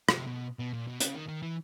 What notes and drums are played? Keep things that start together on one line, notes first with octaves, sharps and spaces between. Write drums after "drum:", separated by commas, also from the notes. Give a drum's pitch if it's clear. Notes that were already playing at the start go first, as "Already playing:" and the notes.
C3, drum: rim click
B2
B2
A#2
B2
C#3, drum: hi-hat
D#3
D#3
E3